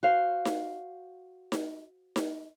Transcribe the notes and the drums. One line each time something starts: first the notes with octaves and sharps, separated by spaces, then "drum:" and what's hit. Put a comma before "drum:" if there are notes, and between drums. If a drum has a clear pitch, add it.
F#4 C5 F5
drum: snare D#4
drum: snare D#4
drum: snare D#4